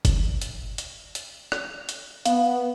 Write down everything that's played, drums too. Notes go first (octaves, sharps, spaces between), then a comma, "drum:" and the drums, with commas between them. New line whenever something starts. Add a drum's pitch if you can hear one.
drum: kick F#1, hi-hat
drum: hi-hat
drum: hi-hat
drum: hi-hat
drum: rim click
drum: hi-hat
B3 F5, drum: hi-hat